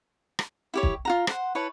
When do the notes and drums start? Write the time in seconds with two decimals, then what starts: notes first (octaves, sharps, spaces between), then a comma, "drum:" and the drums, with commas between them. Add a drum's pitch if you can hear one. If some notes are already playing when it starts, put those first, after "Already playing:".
0.39 drum: rim click
0.74 E4 G4 C#5
0.83 drum: kick
1.05 F4 F#4 A#5
1.27 C5 F#5, drum: rim click
1.55 E4 B4 C#5 A5